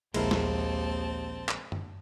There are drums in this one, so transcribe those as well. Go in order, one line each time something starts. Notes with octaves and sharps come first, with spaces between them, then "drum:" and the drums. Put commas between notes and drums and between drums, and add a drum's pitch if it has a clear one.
A#1 D#2 G#3 C4 E4 A#4 A5, drum: cymbal
drum: snare
drum: clap
drum: tom F#2